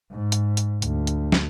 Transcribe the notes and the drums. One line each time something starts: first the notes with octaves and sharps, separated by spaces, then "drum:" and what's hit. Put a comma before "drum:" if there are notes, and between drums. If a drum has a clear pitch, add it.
G#2
drum: hi-hat
drum: hi-hat
D2, drum: hi-hat
drum: hi-hat
drum: snare